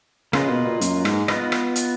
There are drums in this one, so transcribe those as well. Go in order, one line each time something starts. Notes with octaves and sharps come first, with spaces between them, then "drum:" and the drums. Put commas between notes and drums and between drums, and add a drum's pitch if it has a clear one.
C#3 A#3 F4 B4 D#5, drum: rim click
B2
A#2
F#2, drum: hi-hat
G#2, drum: rim click
B3 F4 B4 D#5, drum: rim click
drum: rim click
drum: hi-hat